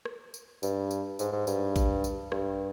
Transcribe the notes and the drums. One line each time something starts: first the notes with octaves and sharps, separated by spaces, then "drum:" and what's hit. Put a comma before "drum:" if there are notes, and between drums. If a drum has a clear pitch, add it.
drum: rim click
drum: tambourine
G2, drum: tambourine
drum: tambourine
G#2, drum: tambourine
G#2
G2, drum: tambourine
drum: kick A1, tambourine
drum: tambourine
G2, drum: rim click